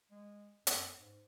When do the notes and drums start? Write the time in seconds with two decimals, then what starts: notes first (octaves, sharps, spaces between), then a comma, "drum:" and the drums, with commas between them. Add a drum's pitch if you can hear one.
0.11 G#3
0.67 F#2, drum: hi-hat
0.97 G#2